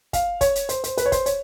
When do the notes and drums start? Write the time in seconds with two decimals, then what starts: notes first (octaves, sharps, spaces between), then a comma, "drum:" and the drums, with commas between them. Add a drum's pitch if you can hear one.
0.13 F5, drum: kick, hi-hat
0.41 C#5, drum: kick, hi-hat
0.55 drum: hi-hat
0.69 C5, drum: hi-hat
0.84 C5, drum: hi-hat
0.97 B4, drum: hi-hat
1.06 C#5
1.12 C5, drum: kick, hi-hat
1.26 C#5, drum: hi-hat